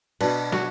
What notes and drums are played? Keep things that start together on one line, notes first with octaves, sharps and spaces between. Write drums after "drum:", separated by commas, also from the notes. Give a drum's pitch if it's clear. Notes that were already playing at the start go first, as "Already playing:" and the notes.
B2 B3 D4 B4, drum: cymbal
F#4, drum: snare